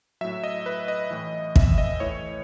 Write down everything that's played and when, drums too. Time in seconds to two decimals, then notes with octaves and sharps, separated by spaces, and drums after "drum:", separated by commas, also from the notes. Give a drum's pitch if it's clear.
0.21 A2 F#3 E5
0.44 D#5
0.66 B4
0.88 D#5
1.11 A2 E3
1.56 E5, drum: kick
1.78 D#5
2.00 A2 E3 C#5